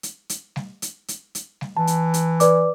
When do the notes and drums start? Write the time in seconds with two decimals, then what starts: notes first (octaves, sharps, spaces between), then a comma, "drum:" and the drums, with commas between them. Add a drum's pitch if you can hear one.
0.03 drum: hi-hat
0.29 drum: hi-hat
0.56 drum: snare G3
0.82 drum: hi-hat
1.08 drum: hi-hat
1.35 drum: hi-hat
1.61 drum: snare G3
1.77 E3 A5
1.87 drum: hi-hat
2.14 drum: hi-hat
2.40 B4 D5 D6, drum: hi-hat